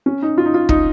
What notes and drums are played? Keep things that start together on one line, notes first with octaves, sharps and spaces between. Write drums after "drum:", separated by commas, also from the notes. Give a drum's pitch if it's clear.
C#4
D#4
F4
D#4
F4
D#4, drum: kick